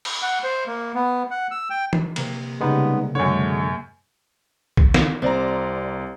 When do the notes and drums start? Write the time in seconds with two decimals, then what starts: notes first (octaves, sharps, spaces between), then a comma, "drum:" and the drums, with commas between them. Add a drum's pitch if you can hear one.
0.05 drum: cymbal
0.22 F#5
0.43 C5
0.67 A#3
0.95 B3
1.31 F#5
1.51 E6
1.70 G5
1.93 drum: tom
2.16 C3 A#3, drum: cymbal
2.61 C#3 G3 G#3 B3 D#4
3.15 F#2 D3 G#3 C#5
4.77 drum: kick
4.94 drum: snare
5.22 C2 C4 D5 A#5